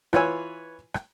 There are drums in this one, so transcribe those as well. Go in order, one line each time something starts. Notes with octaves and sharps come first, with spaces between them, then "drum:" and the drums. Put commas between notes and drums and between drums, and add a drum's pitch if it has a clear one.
E3 F4 B4 C#5 G#5 E6, drum: rim click
drum: rim click